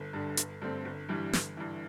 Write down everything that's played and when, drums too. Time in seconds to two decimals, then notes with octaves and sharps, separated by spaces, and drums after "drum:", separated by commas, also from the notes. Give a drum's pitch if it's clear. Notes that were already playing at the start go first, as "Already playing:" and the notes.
Already playing: G1
0.13 G2 D3
0.37 G1, drum: hi-hat
0.62 G2 D3 A3 C4
0.85 G1
1.09 G2 E3 G3
1.33 G1, drum: snare
1.57 G2 E3